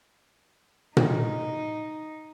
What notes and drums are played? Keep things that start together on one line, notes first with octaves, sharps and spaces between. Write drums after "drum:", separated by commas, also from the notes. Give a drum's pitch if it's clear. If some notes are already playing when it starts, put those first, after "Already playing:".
D#4, drum: tom A#2